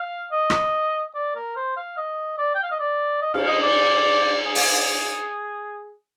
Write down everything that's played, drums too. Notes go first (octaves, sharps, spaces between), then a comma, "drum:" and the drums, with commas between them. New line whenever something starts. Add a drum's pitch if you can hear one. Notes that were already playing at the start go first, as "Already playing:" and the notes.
Already playing: F5
D#5
drum: rim click
D5
A#4
C5
F5
D#5
D5
G5
F5
D#5
D5
D#5
F5, drum: cymbal
D#5
D5
G#4
drum: open hi-hat